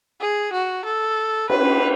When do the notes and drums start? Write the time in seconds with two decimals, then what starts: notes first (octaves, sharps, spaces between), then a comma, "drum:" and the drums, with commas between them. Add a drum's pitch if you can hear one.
0.20 G#4
0.52 F#4
0.85 A4
1.50 B4, drum: cymbal